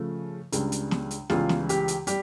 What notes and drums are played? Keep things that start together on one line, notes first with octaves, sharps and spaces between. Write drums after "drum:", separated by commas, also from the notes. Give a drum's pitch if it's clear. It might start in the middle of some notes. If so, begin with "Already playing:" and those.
Already playing: C#3 F3 A3
C#2 C#3 G3 D4, drum: hi-hat
drum: hi-hat
drum: snare
drum: hi-hat
C#2 C#3 E3 G3 F4, drum: snare
drum: snare
G4, drum: hi-hat
drum: hi-hat
G3 G4, drum: hi-hat